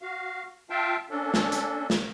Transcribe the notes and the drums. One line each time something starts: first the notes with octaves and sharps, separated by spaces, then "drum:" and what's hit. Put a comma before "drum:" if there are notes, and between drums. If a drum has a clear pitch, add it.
F#4 F5
F4 E5 F5 G5 A5
A#3 C#4 D4 A4
drum: snare
drum: hi-hat
drum: snare